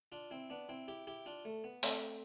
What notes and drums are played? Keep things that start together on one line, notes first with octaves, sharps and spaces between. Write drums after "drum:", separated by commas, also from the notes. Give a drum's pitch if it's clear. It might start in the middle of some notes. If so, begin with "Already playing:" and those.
D4 F4
C4 E4
B3 D4
C4 E4
E4 G4
E4 G4
D4 F4
A3
B3
A3 C4, drum: open hi-hat